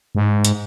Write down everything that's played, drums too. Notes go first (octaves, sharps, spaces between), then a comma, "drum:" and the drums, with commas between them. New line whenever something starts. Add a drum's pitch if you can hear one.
G#2
drum: hi-hat